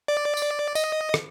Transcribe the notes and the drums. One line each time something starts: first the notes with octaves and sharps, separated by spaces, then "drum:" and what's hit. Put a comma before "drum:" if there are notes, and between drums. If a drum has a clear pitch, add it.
D5
drum: tambourine
D#5, drum: tambourine
drum: rim click